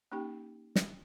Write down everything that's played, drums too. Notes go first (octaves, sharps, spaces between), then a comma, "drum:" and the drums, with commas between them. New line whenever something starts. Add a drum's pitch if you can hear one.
A#3 C#4 D#4 G4 G5
drum: snare